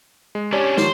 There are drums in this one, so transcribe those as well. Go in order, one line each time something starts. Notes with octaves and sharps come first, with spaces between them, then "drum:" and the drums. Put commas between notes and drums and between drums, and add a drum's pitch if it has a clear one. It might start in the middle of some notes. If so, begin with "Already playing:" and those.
G#3
C#4 D4 G4 C#5 D5
D#3 F3 C5, drum: snare